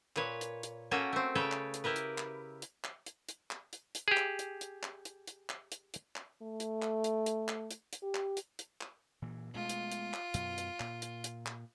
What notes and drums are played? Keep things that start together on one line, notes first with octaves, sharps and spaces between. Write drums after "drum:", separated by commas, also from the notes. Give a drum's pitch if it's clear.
A#2 B4 C#5, drum: clap
drum: hi-hat
drum: hi-hat
A#3 C#4 F#4 A4 F#5 G5
A3 C4
C#3 A4 B4 C#5 G5
drum: clap
drum: hi-hat
E4 G4 A#4 B4
drum: hi-hat
drum: clap
drum: hi-hat
drum: clap
drum: hi-hat
drum: hi-hat
drum: clap
drum: hi-hat
drum: hi-hat
G4 G#4
drum: clap
drum: hi-hat
drum: hi-hat
drum: clap
drum: hi-hat
drum: hi-hat
drum: clap
drum: hi-hat
drum: hi-hat
drum: clap
A3
drum: hi-hat
drum: clap
drum: hi-hat
drum: hi-hat
drum: clap
drum: hi-hat
drum: hi-hat
G4
drum: clap
drum: hi-hat
drum: hi-hat
drum: clap
A#2 E3
B2 G#3 A3 F4
drum: hi-hat
drum: hi-hat
drum: clap
F#2 B2 F#3, drum: hi-hat
drum: hi-hat
A#2, drum: clap
drum: hi-hat
drum: hi-hat
drum: clap